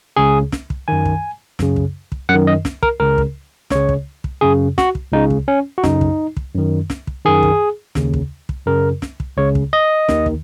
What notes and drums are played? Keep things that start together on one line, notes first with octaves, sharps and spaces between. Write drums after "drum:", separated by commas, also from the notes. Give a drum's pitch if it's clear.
C#2 C#3 G#4
drum: snare
drum: kick
F#2 D#3 G#5
drum: kick
F#2 C#3, drum: snare
drum: kick
drum: kick
F#2 F#5
D#3
D#5
drum: snare
A#4, drum: kick
C#2 C#3 A#4
drum: kick
C#2 C#3 C#5, drum: snare
drum: kick
drum: kick
F#2 C#3 G#4
F#4, drum: snare
drum: kick
C#2 C#3 D#4
drum: kick
C#4
F#4
F#2 C#3 D#4, drum: snare
drum: kick
drum: kick
F#2 D#3
drum: snare
drum: kick
F#2 D#3 G#4
drum: kick
D#2 C#3, drum: snare
drum: kick
drum: kick
F#2 C#3 A#4
drum: snare
drum: kick
C#2 C#3 C#5
drum: kick
D#5
D#2 D#3, drum: snare
drum: kick